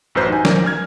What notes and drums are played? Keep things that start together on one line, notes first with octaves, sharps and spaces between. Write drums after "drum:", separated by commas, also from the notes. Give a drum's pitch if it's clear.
A1 F#2 B4 C5 G6
D#4 G#5
A#4 D5, drum: snare
F6 G#6